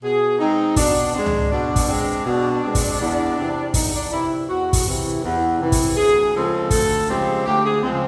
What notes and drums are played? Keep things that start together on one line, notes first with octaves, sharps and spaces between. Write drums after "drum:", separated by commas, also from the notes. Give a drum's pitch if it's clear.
B2 G#4
G#3 C4 D#4
B2 D4, drum: kick, open hi-hat
G#3 C4 D4
drum: tom C#2
B2 D4
drum: kick, open hi-hat
G#3 C4 D4
B2
G#3 C4
drum: kick, open hi-hat
E2
C3 E3
E2 D#4, drum: kick, open hi-hat
D4
C3 E3 E4
E2 F#4
drum: kick, open hi-hat
C3 E3
E2
C3 E3
drum: kick, open hi-hat
D2 G#4
C#3 F3 G#3 C4 A4
D2 A4, drum: kick, open hi-hat
C#3 F3 G#3 C4 G4
D2 G4
G#4
C#3 F3 G#3 C4